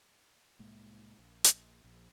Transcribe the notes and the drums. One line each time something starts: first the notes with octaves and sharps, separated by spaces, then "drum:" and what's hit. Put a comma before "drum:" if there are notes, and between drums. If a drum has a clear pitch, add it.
C2 A2 G#3 A#3
A#1
drum: hi-hat
A#1